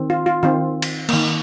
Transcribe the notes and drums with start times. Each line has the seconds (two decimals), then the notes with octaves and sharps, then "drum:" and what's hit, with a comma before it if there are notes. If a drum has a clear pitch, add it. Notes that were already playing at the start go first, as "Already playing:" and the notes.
Already playing: D#3 C4
0.10 F4
0.26 F4
0.43 D#3 C4 F4
0.82 drum: cymbal
1.09 D#3 A#3, drum: cymbal